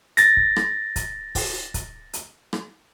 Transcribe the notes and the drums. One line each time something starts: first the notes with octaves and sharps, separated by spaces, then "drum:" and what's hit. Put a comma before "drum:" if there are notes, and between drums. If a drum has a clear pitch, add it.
A6 A#6, drum: hi-hat
drum: kick
drum: rim click
drum: kick, hi-hat
drum: kick, open hi-hat
drum: kick, hi-hat
drum: hi-hat
drum: rim click